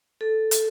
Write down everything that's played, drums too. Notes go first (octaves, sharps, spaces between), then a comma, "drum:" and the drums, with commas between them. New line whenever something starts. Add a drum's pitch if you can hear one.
A4
drum: hi-hat